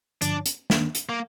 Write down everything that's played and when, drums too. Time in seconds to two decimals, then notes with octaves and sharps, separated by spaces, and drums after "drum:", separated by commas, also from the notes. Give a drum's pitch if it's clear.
0.22 G2 D3 F3 D4, drum: hi-hat
0.46 drum: hi-hat
0.70 D#3 A#3 D4, drum: snare
0.95 drum: hi-hat
1.09 A#3